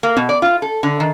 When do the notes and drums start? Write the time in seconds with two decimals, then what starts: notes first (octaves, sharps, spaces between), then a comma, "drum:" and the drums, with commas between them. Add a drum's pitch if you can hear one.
0.03 A#3
0.17 B2, drum: tom B3
0.29 D5
0.42 F4
0.62 A4
0.83 D3
1.00 D#3